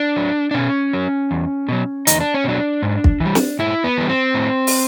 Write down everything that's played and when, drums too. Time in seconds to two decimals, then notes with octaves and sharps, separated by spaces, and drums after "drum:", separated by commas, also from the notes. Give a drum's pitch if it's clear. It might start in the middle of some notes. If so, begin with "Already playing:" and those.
Already playing: D4
0.16 F#3
0.51 D4
0.54 B2 C#4
0.93 F#3
1.31 E2
1.69 B2 F#3
2.07 E2 D#4, drum: hi-hat
2.20 D4
2.34 C#4
2.44 B2 F#3 D4
2.82 G#2
3.04 drum: kick
3.20 E3 G3
3.35 drum: snare
3.59 G#2 E4
3.84 B3
3.97 E3 G3
4.09 C4
4.34 A2
4.67 drum: open hi-hat